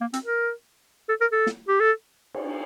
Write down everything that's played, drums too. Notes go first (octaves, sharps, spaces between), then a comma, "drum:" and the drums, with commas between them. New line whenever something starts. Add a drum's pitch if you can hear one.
A#3
C4, drum: hi-hat
A#4
A4
A#4
A4
drum: snare
G4
A4
drum: cymbal